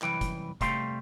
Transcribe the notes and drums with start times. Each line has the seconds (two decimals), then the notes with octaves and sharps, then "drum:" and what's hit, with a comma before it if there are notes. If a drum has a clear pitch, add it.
0.02 C2 F#2 E3 B4 G5, drum: clap
0.21 drum: kick, hi-hat
0.61 C3 G3 A3 F5 G5 C6, drum: kick, hi-hat